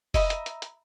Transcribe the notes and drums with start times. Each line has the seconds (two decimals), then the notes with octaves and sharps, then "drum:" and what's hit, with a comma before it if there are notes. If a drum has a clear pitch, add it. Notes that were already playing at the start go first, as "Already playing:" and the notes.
0.14 D#5 E5 A#5 B5, drum: kick F1, open hi-hat
0.30 drum: hi-hat
0.46 drum: hi-hat
0.62 drum: hi-hat